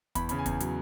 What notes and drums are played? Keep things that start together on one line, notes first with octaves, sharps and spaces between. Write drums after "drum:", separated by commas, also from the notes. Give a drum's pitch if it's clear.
E2 B5, drum: kick, hi-hat
C#3 B5, drum: hi-hat
G#5
E2, drum: kick, hi-hat
F#3, drum: hi-hat